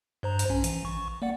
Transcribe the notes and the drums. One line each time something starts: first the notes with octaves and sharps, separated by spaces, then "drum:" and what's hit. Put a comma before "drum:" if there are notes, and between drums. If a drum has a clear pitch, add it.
G2 C5 A#5
drum: hi-hat
B1 C#4 G#5
E3, drum: hi-hat
A1 C#6
A#3 D5 F#5